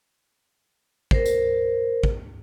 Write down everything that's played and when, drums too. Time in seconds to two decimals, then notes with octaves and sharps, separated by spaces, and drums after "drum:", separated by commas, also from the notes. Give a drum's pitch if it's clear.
1.11 A#4 C5, drum: kick
1.26 drum: tambourine
2.03 drum: kick